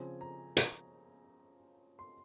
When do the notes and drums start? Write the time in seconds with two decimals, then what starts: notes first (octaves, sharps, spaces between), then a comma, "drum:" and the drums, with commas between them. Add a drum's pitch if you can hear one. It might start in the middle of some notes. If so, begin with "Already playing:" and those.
Already playing: C#3 F3 C4 G#5
0.21 A#5
0.57 A#5, drum: hi-hat
1.99 C6